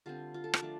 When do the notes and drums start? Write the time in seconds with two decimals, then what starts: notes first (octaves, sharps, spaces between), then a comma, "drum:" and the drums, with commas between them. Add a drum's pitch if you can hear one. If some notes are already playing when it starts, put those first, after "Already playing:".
0.06 D3 G3 C4 F4
0.34 F4
0.44 A4
0.54 A#4, drum: rim click
0.62 F3 A3 D4 D5